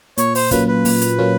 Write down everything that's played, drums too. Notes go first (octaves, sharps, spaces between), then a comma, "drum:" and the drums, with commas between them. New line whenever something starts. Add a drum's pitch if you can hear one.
A#2 C#5, drum: hi-hat
C5, drum: open hi-hat
F#3 A#3 C#4 F4 B4, drum: kick, hi-hat
B4
A#2, drum: open hi-hat
drum: hi-hat
F#3 A#3 C#4 F4